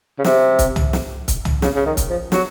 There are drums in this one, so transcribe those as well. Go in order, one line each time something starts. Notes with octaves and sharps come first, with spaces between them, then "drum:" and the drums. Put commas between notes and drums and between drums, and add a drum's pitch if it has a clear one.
C#3
C3, drum: snare
drum: kick, hi-hat
drum: tom
drum: snare
drum: kick, hi-hat
drum: tom
C#3, drum: snare
C#3
D#3
drum: kick, hi-hat
F3
F#3, drum: snare